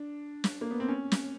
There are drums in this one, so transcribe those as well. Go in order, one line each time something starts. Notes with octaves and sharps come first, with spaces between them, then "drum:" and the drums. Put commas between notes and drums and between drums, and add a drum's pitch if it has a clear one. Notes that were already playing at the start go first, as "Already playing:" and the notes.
Already playing: D4
drum: snare
A#3
B3
C4
C#4
drum: snare